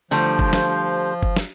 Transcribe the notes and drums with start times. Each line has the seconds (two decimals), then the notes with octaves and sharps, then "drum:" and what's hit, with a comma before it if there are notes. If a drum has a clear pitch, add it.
0.11 D3 F3 G3 A3 C5
0.39 drum: kick F#1
0.53 drum: snare
1.23 drum: kick F#1
1.36 drum: snare